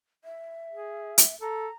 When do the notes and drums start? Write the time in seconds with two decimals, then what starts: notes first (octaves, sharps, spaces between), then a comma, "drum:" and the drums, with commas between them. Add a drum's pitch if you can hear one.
0.24 E5
0.71 G#4
1.18 drum: hi-hat
1.41 A4 A#5